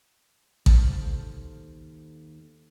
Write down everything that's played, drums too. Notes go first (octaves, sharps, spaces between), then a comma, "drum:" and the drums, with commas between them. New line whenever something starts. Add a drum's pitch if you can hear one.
D#2 A4 C5 F5 A5, drum: kick A1